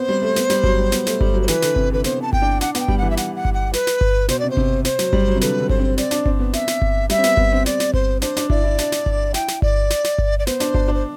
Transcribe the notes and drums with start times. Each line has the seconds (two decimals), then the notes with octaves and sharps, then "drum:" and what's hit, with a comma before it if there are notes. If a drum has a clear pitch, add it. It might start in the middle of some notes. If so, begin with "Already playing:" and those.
Already playing: B3 C4 C5
0.09 G3
0.22 A3
0.36 B3, drum: snare
0.50 G3, drum: snare
0.64 F#3, drum: kick G1
0.79 G3
0.92 B3, drum: snare
1.06 A3, drum: snare
1.21 G3, drum: kick G1
1.34 F#3
1.42 C5
1.48 E3 B4, drum: snare
1.62 D3, drum: snare
1.76 C3, drum: kick G1
1.90 D3 B4
2.04 B3 C5, drum: snare
2.22 A5
2.33 G5, drum: kick G1
2.42 D4
2.61 D4 F#5, drum: snare
2.75 B3 F#5 G5, drum: snare
2.88 G3, drum: kick G1
2.98 E3 F#5
3.10 E5
3.17 F#5, drum: snare
3.36 F#5
3.45 drum: kick G1
3.54 F#5
3.73 B4, drum: snare
3.87 drum: snare
4.01 drum: kick G1
4.29 B2 C5, drum: snare
4.39 C3 D5
4.50 C5
4.57 C3, drum: kick G1
4.85 C5, drum: snare
4.99 F#3, drum: snare
5.13 G3, drum: kick G1
5.28 F#3
5.36 C3
5.41 D3 B4, drum: snare
5.60 D3
5.69 C5, drum: kick G1
5.79 C4
5.98 C4 D5, drum: snare
6.11 D4, drum: snare
6.26 C4, drum: kick G1
6.39 B3
6.53 E5, drum: snare
6.68 drum: snare
6.82 drum: kick G1
7.10 G3 E5, drum: snare
7.18 C4
7.24 B3, drum: snare
7.37 B3, drum: kick G1
7.52 C4
7.66 D5, drum: snare
7.80 drum: snare
7.94 C5, drum: kick G1
8.22 D4 C5, drum: snare
8.36 D4, drum: snare
8.50 E4 D5, drum: kick G1
8.64 E4
8.78 D4, drum: snare
8.92 drum: snare
9.06 drum: kick G1
9.34 E4 G5, drum: snare
9.48 drum: snare
9.62 D5, drum: kick G1
9.90 drum: snare
10.04 drum: snare
10.18 drum: kick G1
10.39 D5
10.47 B3 C5, drum: snare
10.60 D4, drum: snare
10.74 D4, drum: kick G1
10.88 D4
10.95 C5